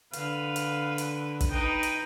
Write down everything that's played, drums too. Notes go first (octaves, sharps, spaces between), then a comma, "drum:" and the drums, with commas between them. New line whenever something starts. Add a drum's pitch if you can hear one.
D3 B4 F5, drum: hi-hat
drum: hi-hat
drum: hi-hat
drum: kick, hi-hat
D#4 B4 D#5 G5
drum: hi-hat